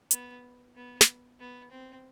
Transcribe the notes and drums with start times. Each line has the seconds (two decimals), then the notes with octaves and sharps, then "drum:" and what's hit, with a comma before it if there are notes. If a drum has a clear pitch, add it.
0.11 B3, drum: hi-hat
0.76 B3
1.01 drum: snare
1.40 B3
1.71 C4